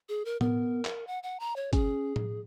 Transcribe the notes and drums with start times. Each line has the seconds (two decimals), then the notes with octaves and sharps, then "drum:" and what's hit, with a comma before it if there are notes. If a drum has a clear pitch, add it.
0.09 G#4
0.25 A#4
0.41 B3 A#4, drum: tom A2
0.85 drum: clap
1.07 F#5
1.23 F#5
1.40 A#5
1.56 C#5
1.73 C#4 G#4, drum: kick G1, hi-hat
2.16 drum: tom A2